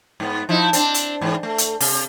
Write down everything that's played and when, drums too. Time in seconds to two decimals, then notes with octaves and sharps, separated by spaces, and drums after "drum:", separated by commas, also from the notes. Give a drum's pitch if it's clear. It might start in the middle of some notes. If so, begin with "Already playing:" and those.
0.20 G#2 B3
0.49 F3 D#4 E4
0.73 C4 D4, drum: hi-hat
0.94 drum: hi-hat
1.21 G#2 E3
1.43 A3
1.58 drum: hi-hat
1.80 C3, drum: open hi-hat